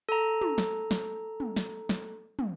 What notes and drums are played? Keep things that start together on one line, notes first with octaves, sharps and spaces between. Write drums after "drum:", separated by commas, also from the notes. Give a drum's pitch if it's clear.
A4 A#5
drum: tom
drum: snare
drum: snare
drum: tom
drum: snare
drum: snare
drum: tom